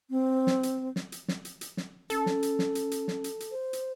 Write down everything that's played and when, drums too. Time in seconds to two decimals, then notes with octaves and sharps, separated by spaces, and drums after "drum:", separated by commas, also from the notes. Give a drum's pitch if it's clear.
0.10 C4
0.47 drum: snare
0.63 drum: hi-hat
0.96 drum: snare
1.12 drum: hi-hat
1.28 drum: snare
1.45 drum: hi-hat
1.61 drum: hi-hat
1.77 drum: snare
2.10 C#4 A4, drum: hi-hat
2.26 drum: snare
2.43 drum: hi-hat
2.59 drum: snare
2.75 drum: hi-hat
2.91 drum: hi-hat
3.08 drum: snare
3.24 drum: hi-hat
3.40 drum: hi-hat
3.51 C5
3.73 drum: hi-hat